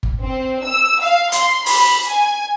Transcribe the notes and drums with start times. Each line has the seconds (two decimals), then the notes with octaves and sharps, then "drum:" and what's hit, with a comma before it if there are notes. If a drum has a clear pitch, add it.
0.03 drum: kick G1
0.23 C4
0.63 E6
1.01 F5
1.32 C6, drum: hi-hat
1.66 B5, drum: open hi-hat
2.07 G#5